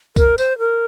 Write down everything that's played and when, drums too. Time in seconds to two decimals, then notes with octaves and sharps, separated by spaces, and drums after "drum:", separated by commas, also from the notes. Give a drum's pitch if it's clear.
0.16 A#4, drum: kick C#2, tambourine
0.38 C5, drum: tambourine
0.59 A#4